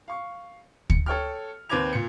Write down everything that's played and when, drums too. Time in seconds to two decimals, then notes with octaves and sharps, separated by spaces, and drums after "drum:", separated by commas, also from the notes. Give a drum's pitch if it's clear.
0.08 F5 C#6
0.90 C#7, drum: kick D2
1.06 A4 C#5 G5 F6
1.69 D#2 C4 B4 D6 G#6 F7
1.93 A#2 C#7